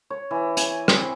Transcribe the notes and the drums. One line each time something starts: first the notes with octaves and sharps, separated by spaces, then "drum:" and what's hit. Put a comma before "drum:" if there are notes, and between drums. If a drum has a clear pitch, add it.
C#5
E3
G#5, drum: hi-hat
C4, drum: rim click